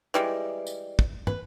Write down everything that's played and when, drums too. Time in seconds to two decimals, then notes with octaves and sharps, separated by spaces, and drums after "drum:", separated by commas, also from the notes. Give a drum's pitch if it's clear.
0.14 E3 G3 G#3
0.67 drum: tambourine
0.99 drum: kick
1.27 B4, drum: tom